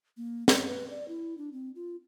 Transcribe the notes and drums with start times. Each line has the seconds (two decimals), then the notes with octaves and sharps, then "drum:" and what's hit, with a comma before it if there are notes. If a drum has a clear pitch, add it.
0.17 A#3
0.48 C#4, drum: snare
0.66 B4
0.90 D5
1.08 E4
1.38 D4
1.52 C4
1.75 F4